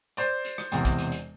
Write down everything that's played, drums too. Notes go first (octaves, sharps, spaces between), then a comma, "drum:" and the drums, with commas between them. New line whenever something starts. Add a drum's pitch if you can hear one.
C5 D5, drum: hi-hat
drum: hi-hat
drum: rim click
E1 E2 C3 E3, drum: hi-hat
drum: kick, hi-hat
drum: hi-hat
drum: hi-hat